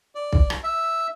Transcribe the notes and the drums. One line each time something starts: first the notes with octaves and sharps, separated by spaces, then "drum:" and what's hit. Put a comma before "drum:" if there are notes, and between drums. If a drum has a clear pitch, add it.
D5
drum: kick B1
drum: rim click
E5